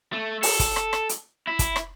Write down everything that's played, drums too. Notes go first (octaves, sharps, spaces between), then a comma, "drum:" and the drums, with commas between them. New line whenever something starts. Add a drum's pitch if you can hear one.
A3
A4, drum: open hi-hat
drum: kick, hi-hat
drum: rim click
drum: rim click
drum: hi-hat
E4
drum: kick, hi-hat
drum: rim click